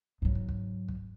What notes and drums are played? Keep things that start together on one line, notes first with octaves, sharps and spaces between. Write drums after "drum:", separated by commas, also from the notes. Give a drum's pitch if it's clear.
G#2 F#3
drum: kick
drum: kick
drum: kick